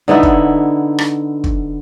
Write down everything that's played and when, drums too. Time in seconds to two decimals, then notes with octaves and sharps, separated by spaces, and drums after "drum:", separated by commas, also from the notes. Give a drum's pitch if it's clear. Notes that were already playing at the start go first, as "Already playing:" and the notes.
0.08 D3 B3 D#4 E4
0.23 drum: kick
0.98 drum: rim click
1.44 drum: kick